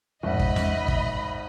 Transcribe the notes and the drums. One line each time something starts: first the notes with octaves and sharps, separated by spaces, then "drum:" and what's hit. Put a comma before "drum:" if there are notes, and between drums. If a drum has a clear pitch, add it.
G#1 F2 A2 F3 D#5 E5 F#5 B5
drum: kick
E2, drum: snare
drum: kick